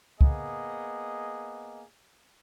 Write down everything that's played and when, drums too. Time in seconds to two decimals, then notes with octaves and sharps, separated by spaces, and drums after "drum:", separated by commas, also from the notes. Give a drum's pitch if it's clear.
0.21 A#3 B3 G#4 D#5, drum: kick